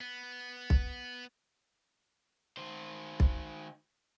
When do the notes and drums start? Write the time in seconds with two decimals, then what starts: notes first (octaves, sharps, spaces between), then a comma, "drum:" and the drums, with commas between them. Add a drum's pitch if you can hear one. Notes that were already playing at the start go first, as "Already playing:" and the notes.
0.01 B3
0.70 drum: kick B1
2.57 D#3 C5
3.20 drum: kick B1